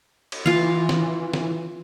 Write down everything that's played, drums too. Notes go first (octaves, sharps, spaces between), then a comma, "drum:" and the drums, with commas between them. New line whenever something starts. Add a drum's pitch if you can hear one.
drum: cymbal
E3 F4 F5
drum: snare
drum: snare